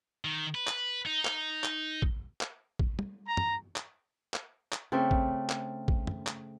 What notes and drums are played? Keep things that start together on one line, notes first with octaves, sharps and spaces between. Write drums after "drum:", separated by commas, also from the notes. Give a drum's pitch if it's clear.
D#3
B4
drum: clap
D#4
drum: clap
drum: clap
drum: kick
drum: clap
drum: kick
drum: tom
A#5
drum: tom
drum: clap
drum: clap
drum: clap
C#3 A3 C4
drum: kick
drum: clap
drum: kick
drum: tom
drum: clap